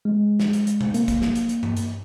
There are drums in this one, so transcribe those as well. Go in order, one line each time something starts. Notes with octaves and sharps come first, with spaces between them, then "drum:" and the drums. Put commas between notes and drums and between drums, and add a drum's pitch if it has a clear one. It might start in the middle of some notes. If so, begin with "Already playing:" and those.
G#3
drum: snare
drum: hi-hat
drum: hi-hat
drum: tom C3
A#3, drum: hi-hat
drum: kick, hi-hat
drum: snare
drum: hi-hat
drum: hi-hat
drum: tom G2
drum: hi-hat